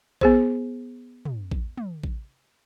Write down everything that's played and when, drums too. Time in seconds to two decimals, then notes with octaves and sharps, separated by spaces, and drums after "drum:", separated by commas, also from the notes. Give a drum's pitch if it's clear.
0.21 B3 G#4 C5, drum: kick A1
1.25 drum: tom
1.51 drum: kick A1
1.77 drum: tom
2.04 drum: kick A1